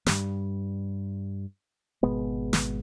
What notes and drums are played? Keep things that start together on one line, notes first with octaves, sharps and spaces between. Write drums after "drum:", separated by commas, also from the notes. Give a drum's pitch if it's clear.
G2 G3, drum: snare
G#1 B2 G#3 B3
drum: snare